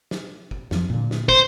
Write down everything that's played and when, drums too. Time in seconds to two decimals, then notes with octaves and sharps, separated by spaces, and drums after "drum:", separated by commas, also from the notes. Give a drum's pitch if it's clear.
0.11 drum: snare
0.51 drum: kick
0.71 F2 F3, drum: snare
0.90 A#2 D3
1.11 drum: snare
1.29 C5, drum: kick